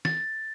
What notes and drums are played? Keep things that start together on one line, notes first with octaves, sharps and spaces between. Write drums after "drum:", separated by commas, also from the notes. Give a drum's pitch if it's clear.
A6, drum: snare